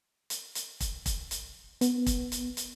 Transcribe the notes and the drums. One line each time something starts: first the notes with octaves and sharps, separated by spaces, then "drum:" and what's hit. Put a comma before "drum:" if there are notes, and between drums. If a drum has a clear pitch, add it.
drum: hi-hat
drum: hi-hat
drum: kick E1, hi-hat
drum: kick E1, hi-hat
drum: hi-hat
B3, drum: hi-hat
drum: kick E1, hi-hat
drum: hi-hat
drum: hi-hat